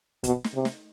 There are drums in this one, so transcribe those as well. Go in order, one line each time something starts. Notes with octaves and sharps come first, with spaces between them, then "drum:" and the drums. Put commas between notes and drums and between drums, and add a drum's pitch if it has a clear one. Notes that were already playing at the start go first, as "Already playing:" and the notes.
B2, drum: kick, hi-hat
drum: snare
C3
drum: snare